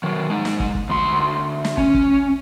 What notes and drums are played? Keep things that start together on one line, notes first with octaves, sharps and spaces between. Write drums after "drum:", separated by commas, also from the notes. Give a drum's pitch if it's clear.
D#3 F#3
G#3 D#4
drum: snare
drum: kick
drum: kick
D2 C6
drum: snare
C#4, drum: kick
drum: kick